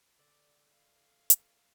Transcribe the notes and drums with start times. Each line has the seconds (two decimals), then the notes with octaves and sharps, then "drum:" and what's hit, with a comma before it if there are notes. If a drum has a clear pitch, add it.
0.19 D3 D5
0.69 F5
1.30 drum: hi-hat